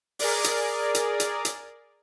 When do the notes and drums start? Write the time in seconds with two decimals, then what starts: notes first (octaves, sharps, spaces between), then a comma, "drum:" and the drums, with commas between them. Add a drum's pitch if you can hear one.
0.19 G#4 A#4 D5, drum: open hi-hat
0.44 drum: hi-hat
0.95 drum: hi-hat
1.20 drum: hi-hat
1.45 drum: hi-hat